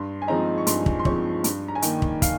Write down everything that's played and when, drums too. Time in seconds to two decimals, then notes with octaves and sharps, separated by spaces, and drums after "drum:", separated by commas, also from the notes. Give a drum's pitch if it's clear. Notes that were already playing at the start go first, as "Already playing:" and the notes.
Already playing: G2 C6
0.22 G#5
0.28 F3 G#3 C4 D#4 A#5
0.58 C#6
0.67 G2 C6, drum: hi-hat
0.86 drum: kick
0.99 C6
1.05 F3 G#3 C4 D#4 C#6, drum: kick
1.44 G2, drum: hi-hat
1.68 A#5
1.75 G#5
1.82 D#3 A#3 G5, drum: hi-hat
2.02 drum: kick
2.22 F5, drum: kick, hi-hat